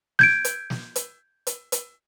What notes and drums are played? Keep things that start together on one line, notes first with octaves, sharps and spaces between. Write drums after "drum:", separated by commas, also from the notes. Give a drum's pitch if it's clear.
G6 G#6 D7, drum: snare
drum: hi-hat
drum: snare
drum: hi-hat
drum: hi-hat
drum: hi-hat